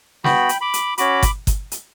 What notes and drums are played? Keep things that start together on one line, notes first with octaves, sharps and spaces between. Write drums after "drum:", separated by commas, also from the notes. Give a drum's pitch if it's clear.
B3 F#4 G5 B5, drum: snare
drum: hi-hat
B5 D6
drum: hi-hat
C#4 F#4 B5 D6, drum: hi-hat
drum: kick G1, hi-hat
drum: kick G1, hi-hat
drum: hi-hat